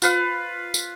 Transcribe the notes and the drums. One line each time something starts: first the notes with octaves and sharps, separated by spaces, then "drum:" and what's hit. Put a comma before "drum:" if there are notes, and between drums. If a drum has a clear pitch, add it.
F4 B4 F5, drum: tambourine
drum: tambourine